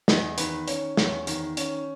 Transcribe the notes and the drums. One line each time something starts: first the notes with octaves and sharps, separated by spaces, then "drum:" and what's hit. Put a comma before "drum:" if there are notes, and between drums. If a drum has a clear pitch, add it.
E2 D#5, drum: snare
D#3 B4, drum: hi-hat
C#4 C#5, drum: hi-hat
E2 C#5, drum: snare
D#3, drum: hi-hat
C#4, drum: hi-hat